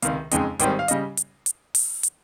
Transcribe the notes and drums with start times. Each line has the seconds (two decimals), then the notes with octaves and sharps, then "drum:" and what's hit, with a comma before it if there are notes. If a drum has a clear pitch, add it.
0.02 C#2 C3 D#3 F5, drum: hi-hat
0.31 F2 C#3 G#3 D#4 G5, drum: hi-hat
0.59 G#1 G#2 D#3 G3 C4 G5, drum: hi-hat
0.79 F5
0.88 C#3 G3 D#5, drum: hi-hat
1.17 drum: hi-hat
1.46 drum: hi-hat
1.75 drum: open hi-hat
2.03 drum: hi-hat